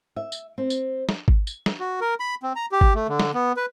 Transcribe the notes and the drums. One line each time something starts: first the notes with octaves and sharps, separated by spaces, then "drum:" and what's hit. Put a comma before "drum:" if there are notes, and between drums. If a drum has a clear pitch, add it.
E5
drum: tambourine
C4
drum: tambourine
drum: snare
drum: kick G#1
drum: tambourine
drum: snare
F#4
A#4
B5
C4
A#5
G4
drum: kick G#1
A3
D3
drum: snare
B3
B4